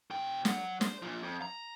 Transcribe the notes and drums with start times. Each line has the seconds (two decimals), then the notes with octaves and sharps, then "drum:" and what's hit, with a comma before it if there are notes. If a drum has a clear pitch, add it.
0.11 B2 G5
0.45 F#3 F#5, drum: snare
0.81 C5, drum: snare
1.03 A#2 F3
1.23 F2
1.42 A#5